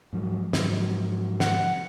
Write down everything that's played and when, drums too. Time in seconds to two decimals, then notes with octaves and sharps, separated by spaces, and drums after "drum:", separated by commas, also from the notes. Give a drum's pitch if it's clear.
0.13 G#2 F3 F#3
0.53 G#2 F3 F#3, drum: snare
1.40 F#5, drum: snare